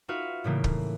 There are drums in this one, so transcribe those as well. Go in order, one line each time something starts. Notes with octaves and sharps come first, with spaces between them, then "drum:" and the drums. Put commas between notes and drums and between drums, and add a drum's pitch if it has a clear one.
D#4 F4 F#4 B4 E5 F5
A2 C#3 E3 G3 A3 A#3
drum: kick